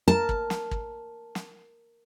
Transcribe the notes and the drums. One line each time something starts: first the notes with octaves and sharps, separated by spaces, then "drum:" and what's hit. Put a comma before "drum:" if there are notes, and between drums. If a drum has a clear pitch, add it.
A#4 A5
drum: kick
drum: snare
drum: kick
drum: snare